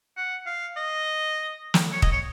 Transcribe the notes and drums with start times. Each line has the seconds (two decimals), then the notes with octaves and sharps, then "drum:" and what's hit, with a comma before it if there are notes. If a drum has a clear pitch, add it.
0.17 F#5
0.46 F5
0.77 D#5
1.74 drum: snare
1.93 C#5
2.02 D#5, drum: kick
2.12 C#5